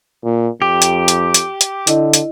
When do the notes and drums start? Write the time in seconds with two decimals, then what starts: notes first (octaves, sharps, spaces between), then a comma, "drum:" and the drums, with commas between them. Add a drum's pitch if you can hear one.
0.24 A#2
0.62 F2 G4
0.82 drum: hi-hat
1.08 drum: hi-hat
1.34 drum: hi-hat
1.61 drum: hi-hat
1.87 D3 E4 D#5, drum: hi-hat
2.13 drum: hi-hat